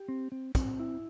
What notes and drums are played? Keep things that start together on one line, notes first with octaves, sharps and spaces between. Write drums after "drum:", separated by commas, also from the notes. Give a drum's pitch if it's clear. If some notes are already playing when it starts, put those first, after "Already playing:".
Already playing: G4
C4
C4
C4, drum: kick, hi-hat
E4